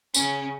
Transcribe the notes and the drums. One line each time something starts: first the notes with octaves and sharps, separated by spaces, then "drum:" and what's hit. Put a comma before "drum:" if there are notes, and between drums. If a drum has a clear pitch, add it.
C#3 C#4, drum: tambourine